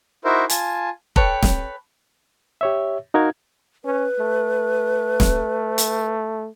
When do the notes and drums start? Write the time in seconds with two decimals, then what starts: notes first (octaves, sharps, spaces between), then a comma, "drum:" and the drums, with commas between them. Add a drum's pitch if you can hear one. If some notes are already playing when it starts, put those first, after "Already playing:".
0.25 D#4 E4 F#4 A#4 C5 E5
0.49 F4 G#5 A5, drum: hi-hat
1.16 A4 B4 C#5 G5, drum: kick
1.43 drum: snare
2.61 G4 C#5 E5
3.14 D#4 F#4 A#4 F5 G#6
3.85 C#4 B4
4.20 A3
5.20 drum: snare
5.78 drum: hi-hat